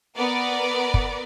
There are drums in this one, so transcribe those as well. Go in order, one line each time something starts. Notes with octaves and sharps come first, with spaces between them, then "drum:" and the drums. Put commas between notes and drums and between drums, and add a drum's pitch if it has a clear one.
B3 A#4 D5
drum: kick